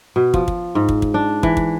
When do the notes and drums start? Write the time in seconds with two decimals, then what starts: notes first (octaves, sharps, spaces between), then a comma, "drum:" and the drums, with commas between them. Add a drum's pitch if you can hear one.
0.16 B2
0.34 F3, drum: kick
0.48 drum: kick
0.75 G#2
0.89 drum: kick
1.02 drum: kick
1.14 D4
1.43 E3, drum: kick
1.57 drum: kick